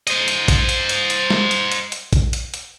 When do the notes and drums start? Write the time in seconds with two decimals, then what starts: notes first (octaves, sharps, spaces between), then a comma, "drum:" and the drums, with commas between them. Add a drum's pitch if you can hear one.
0.07 C5 D#5, drum: hi-hat
0.28 drum: hi-hat
0.48 drum: kick A1, hi-hat
0.69 drum: hi-hat
0.89 drum: hi-hat
1.10 drum: hi-hat
1.30 drum: snare
1.51 drum: hi-hat
1.72 drum: hi-hat
1.92 drum: hi-hat
2.13 drum: kick A1, hi-hat
2.33 drum: hi-hat
2.54 drum: hi-hat